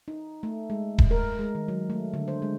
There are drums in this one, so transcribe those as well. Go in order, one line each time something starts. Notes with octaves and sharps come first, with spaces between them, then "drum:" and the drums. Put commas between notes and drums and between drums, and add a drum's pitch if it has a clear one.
D#4
A3
G#3
drum: kick D#1
A#4
G#3
D#3
F#3
A3
D3
C5
G#3